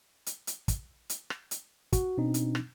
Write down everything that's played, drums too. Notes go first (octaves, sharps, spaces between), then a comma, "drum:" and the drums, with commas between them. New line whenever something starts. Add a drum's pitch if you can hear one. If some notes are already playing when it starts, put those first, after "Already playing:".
drum: hi-hat
drum: hi-hat
drum: kick, hi-hat
drum: hi-hat
drum: rim click
drum: hi-hat
F#4, drum: kick, hi-hat
B2 C4 D4 D#4
drum: hi-hat
drum: rim click